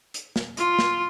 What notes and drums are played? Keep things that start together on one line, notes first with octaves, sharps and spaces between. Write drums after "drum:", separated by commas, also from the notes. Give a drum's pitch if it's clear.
drum: hi-hat
drum: snare
F4, drum: hi-hat
drum: snare